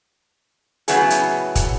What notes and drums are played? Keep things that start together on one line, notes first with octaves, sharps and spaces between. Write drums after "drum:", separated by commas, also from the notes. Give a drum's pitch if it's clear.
A2 C#3 F#3 B3 E4 G#4, drum: hi-hat
drum: hi-hat
drum: kick, hi-hat